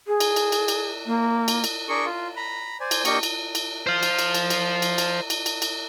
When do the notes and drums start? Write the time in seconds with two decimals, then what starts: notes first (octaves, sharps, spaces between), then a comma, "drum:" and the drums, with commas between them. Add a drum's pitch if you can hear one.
0.07 G#4
0.20 drum: cymbal
0.36 drum: cymbal
0.52 drum: cymbal
0.68 drum: cymbal
1.06 A#3
1.48 drum: cymbal
1.64 drum: cymbal
1.89 D4 G#4 A#4 C#6
2.06 F4
2.36 A#5 B5
2.80 C5 D5 G#5
2.91 drum: cymbal
3.05 A#3 D4 G4 D#5 C#6, drum: cymbal
3.23 drum: cymbal
3.55 drum: cymbal
3.87 C5 F5
4.03 drum: cymbal
4.19 drum: cymbal
4.34 drum: cymbal
4.50 drum: cymbal
4.82 drum: cymbal
4.98 drum: cymbal
5.30 drum: cymbal
5.46 drum: cymbal
5.62 drum: cymbal